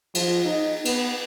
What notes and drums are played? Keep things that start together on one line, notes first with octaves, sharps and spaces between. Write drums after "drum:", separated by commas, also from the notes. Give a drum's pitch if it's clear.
F3, drum: cymbal
D#4
B3, drum: cymbal